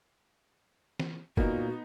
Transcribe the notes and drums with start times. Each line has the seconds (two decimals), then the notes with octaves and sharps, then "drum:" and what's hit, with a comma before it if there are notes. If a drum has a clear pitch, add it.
1.00 drum: snare E3
1.37 A#2 A#3 B3 D#4 F#4, drum: kick